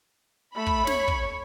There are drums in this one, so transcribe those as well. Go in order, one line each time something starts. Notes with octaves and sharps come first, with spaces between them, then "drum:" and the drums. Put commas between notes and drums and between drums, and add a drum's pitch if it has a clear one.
A3 B5
drum: kick
C#5, drum: snare
drum: kick